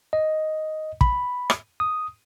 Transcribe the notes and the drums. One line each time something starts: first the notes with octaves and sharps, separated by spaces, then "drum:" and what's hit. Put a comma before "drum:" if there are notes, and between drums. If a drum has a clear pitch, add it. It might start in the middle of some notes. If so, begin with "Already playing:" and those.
D#5
B5, drum: kick
drum: rim click
D#6